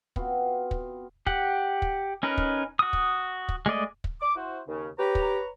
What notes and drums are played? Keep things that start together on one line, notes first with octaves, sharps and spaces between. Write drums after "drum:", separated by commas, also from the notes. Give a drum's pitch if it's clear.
B3 C4 F4 F#4, drum: kick
drum: kick
G4 F#5, drum: kick
drum: kick
C#4 D#4 A#4 B4
drum: kick
F#4 D#6
drum: kick
drum: kick
G#3 A3 D5 D#5
drum: kick
D6
E4 F#4 C5
D#2 C#3
G4 B4 C#5 A#5
drum: kick